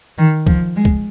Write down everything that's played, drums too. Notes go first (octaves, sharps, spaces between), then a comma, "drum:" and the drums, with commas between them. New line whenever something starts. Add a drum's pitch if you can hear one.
D#3
F3, drum: kick
G#3
drum: kick